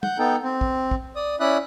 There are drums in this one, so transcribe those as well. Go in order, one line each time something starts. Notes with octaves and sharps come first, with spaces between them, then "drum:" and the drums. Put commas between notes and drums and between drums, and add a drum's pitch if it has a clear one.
F#5 G6, drum: tom
B3 D#4 A4 G5
C4
drum: kick
drum: kick
D5 D#6
C#4 E4 D5 E5 D#6 F#6